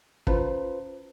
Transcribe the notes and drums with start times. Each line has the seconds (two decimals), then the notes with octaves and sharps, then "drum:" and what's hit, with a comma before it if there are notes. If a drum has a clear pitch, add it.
0.27 C#4 F4 B4 C5, drum: kick